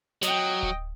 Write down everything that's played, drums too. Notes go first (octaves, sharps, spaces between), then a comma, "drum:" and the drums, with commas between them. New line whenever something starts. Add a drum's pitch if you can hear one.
F#3 D#5 G5, drum: snare
drum: kick D1